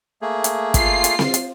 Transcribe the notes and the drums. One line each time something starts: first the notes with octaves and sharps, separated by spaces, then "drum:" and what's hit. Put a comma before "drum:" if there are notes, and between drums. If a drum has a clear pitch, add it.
A3 A#3 G#4
drum: hi-hat
F4 C7, drum: kick, hi-hat
drum: hi-hat
drum: snare C4
drum: hi-hat